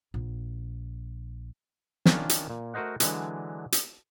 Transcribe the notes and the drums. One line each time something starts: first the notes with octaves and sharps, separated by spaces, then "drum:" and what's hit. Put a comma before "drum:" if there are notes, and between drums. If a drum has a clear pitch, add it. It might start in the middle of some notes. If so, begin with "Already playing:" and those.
A#1
D#3 C#4 D4 F4, drum: snare
drum: hi-hat
A#2
A3 F#4 A#4 C5 D#5 F#5
D3 E3 F#3 G#3 D4, drum: hi-hat
drum: hi-hat